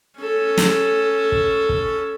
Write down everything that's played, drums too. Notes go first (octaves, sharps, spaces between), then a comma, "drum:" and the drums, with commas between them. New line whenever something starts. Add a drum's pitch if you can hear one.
C#4 A4
drum: snare
drum: kick
drum: kick